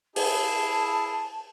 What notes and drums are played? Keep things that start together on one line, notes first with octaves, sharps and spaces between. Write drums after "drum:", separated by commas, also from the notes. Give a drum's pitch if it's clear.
E4 G#4 A5, drum: open hi-hat